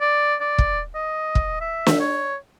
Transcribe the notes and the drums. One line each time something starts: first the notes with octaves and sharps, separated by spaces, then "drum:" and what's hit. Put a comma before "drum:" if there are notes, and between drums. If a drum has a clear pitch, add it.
D5
D5
drum: kick
D#5
drum: kick
E5
drum: snare
C#5